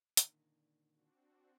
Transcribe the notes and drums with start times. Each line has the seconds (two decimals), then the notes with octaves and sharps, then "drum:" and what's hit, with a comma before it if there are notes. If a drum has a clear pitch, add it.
0.17 A#2 D3 D#3, drum: hi-hat
0.92 C4 D4 F#4